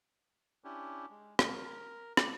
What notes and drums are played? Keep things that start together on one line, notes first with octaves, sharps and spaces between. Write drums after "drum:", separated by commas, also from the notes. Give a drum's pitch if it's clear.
C#4 D4 E4 G4
G#3
A#4, drum: rim click
G4, drum: rim click